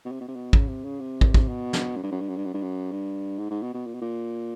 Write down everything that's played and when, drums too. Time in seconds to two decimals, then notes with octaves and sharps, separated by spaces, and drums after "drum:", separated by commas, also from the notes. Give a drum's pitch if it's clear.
0.05 B2
0.12 C3
0.21 B2
0.28 C3
0.36 B2
0.53 C#3, drum: kick
0.68 C3
0.84 C#3
1.01 C3
1.21 drum: kick
1.34 drum: kick
1.49 B2
1.73 drum: snare
1.96 F#2
2.04 G2
2.12 F#2
2.21 G2
2.29 F#2
2.37 G2
2.45 F#2
2.54 G2
2.62 F#2
2.92 G2
3.39 G#2
3.51 G#2
3.63 B2
3.74 B2
3.87 A#2
3.95 B2
4.02 A#2